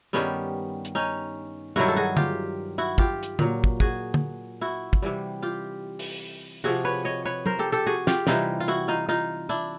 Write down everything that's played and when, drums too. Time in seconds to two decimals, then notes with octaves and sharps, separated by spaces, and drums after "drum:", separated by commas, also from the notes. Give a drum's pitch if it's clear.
0.13 G2 D#3 G3 B3 C#4
0.85 drum: hi-hat
0.95 C#4 D#4
1.76 G2 D#3 F#3 E4 F#4
1.88 A4
1.96 F#4 G#4
2.17 F4 G4, drum: tom D3
2.78 E4 F#4
2.98 F4 G4, drum: kick
3.23 drum: hi-hat
3.39 A#2 F#3, drum: tom D3
3.64 drum: kick
3.80 F#4 G#4, drum: kick
4.14 drum: tom D3
4.61 E4 F#4
4.93 drum: kick
5.02 C3 E3 G3
5.42 F4 G4
5.99 drum: open hi-hat
6.64 C3 F3 F#4 G#4
6.85 B4 C#5
7.05 C#5 D#5
7.25 B4 C#5
7.46 A#4 C5, drum: tom
7.59 G4 A4
7.72 G4 A4
7.87 F#4 G#4
8.07 F4 G4, drum: snare
8.27 C3 E3 G3 D#4 F4, drum: snare
8.60 F4
8.68 E4 F#4
8.88 D#4 F4
9.09 D#4 F4
9.49 D4 E4